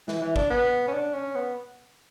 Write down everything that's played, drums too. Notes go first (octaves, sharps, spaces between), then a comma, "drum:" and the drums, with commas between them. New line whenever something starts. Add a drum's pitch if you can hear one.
E3, drum: snare
E3
D4, drum: kick
B3
C#4
D4
C#4
B3